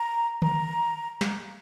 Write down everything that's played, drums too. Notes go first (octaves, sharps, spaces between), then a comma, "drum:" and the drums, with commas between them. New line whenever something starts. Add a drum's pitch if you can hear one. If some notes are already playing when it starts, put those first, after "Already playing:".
Already playing: A#5
A#5, drum: tom D3
drum: snare